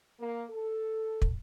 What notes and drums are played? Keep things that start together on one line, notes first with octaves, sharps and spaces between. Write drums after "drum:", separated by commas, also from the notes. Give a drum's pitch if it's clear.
A#3
A4
drum: kick